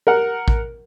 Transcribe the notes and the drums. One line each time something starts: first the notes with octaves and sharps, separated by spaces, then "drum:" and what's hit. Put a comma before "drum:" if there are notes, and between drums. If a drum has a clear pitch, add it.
A#4 F#5
drum: kick A1